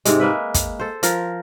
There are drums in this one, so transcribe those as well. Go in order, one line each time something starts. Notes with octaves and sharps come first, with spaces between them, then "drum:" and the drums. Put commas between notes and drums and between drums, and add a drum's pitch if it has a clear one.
G#2 C3 G#3, drum: hi-hat
G#3 A#3 B4 E5
drum: kick, hi-hat
A4 C5
F3 A#4, drum: hi-hat